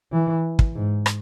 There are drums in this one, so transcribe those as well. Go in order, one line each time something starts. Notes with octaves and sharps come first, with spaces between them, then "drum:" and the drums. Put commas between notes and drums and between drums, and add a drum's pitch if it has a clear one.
E3
drum: kick
G#2
drum: rim click